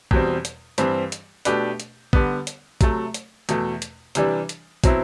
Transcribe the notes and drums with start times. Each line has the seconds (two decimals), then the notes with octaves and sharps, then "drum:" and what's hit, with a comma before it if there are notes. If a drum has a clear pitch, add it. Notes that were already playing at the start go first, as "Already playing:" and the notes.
0.11 E2 B2 G3 C4, drum: kick
0.45 drum: hi-hat
0.78 G2 E3 G3 C4, drum: hi-hat
1.12 drum: hi-hat
1.45 B2 A3 D4 G4 B4, drum: hi-hat
1.80 drum: hi-hat
2.13 D3 G3 B3, drum: kick
2.47 drum: hi-hat
2.81 C3 F#3 A3, drum: kick, hi-hat
3.14 drum: hi-hat
3.49 E2 B2 A3, drum: hi-hat
3.82 drum: hi-hat
4.15 C3 E3 G3 D4, drum: hi-hat
4.49 drum: hi-hat
4.84 B2 F#3 C4 E4, drum: kick, hi-hat